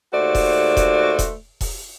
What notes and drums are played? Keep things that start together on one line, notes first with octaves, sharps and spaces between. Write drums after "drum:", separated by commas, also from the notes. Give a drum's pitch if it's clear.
D#2 A3 F#4 C5 D5
drum: kick E1, open hi-hat
drum: kick E1, hi-hat
drum: kick E1, hi-hat
drum: kick E1, open hi-hat